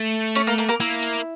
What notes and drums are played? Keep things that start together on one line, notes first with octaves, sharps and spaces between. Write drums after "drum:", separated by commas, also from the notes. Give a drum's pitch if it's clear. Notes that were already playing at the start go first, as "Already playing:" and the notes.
Already playing: A3
C#4 C#5, drum: hi-hat
A#3 A#4
A#3 A#4, drum: hi-hat
A#3 A#4
A#3 E4, drum: hi-hat
drum: hi-hat